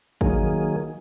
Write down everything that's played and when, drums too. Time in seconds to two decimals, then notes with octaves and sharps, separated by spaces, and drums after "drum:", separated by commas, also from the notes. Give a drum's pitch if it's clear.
0.21 D#3 F#3 A#3 G#4, drum: kick